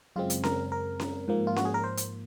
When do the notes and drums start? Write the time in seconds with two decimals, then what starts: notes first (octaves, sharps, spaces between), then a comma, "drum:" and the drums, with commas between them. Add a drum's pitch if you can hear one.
0.16 F#2 C#3 G#3 C4 F4
0.30 drum: hi-hat
0.44 A#4, drum: snare C#4
0.72 A#4
1.00 drum: snare C#4
1.28 G#2 F3 A#3
1.47 F4
1.56 F#4, drum: snare C#4
1.65 G#4
1.74 A#4
1.84 C5
1.97 drum: hi-hat